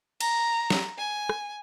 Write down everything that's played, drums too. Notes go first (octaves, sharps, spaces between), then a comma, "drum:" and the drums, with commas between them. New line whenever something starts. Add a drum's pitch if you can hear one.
A#5, drum: cymbal
drum: snare
G#5
drum: rim click